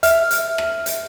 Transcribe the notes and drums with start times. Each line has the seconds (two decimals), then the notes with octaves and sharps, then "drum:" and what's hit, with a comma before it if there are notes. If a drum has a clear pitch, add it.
0.03 E5 F6, drum: hi-hat
0.31 drum: hi-hat
0.58 drum: rim click
0.86 drum: hi-hat